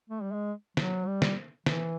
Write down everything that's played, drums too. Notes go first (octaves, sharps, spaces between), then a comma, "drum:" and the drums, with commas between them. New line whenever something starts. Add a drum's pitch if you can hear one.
A3
G3
G#3
F#3, drum: snare
G3
drum: snare
E3, drum: snare